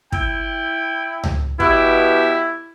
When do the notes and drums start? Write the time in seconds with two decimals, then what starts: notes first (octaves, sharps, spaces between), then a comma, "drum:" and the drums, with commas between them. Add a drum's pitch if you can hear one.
0.12 E4 G5, drum: kick
1.24 drum: tom C#2
1.60 B2 E4 G4, drum: kick